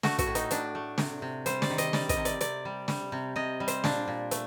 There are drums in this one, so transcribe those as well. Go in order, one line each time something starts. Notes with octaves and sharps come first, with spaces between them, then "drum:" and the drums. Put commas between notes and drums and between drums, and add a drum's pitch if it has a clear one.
A3 F#4, drum: snare
F#4, drum: kick, hi-hat
A2
D#4, drum: hi-hat
A2 D4, drum: hi-hat
A3
C3, drum: snare
C3
G3 C5, drum: hi-hat
D5, drum: snare
D#3
D#5, drum: hi-hat
G3 D5, drum: snare
D#5, drum: kick, hi-hat
C3
D5, drum: hi-hat
C3 D5, drum: hi-hat
G3
G3, drum: snare
C3
C3 D#5
G3
C5, drum: hi-hat
A#2 D4, drum: snare
A#2
A3, drum: hi-hat